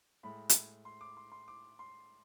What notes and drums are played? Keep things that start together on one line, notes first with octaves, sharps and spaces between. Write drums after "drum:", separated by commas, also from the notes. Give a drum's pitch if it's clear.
A2 G#3 B5
drum: hi-hat
C6
D6
C6
C6
D6
C6